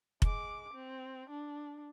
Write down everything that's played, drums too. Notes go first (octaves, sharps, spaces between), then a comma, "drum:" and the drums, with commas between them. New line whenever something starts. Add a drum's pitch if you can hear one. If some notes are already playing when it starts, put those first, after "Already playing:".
G#3 D6, drum: kick F1
C4
D4